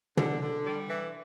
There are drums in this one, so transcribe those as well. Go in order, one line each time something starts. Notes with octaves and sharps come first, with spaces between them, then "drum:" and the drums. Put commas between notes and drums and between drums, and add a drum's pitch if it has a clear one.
D3, drum: tom
D3
G3
E3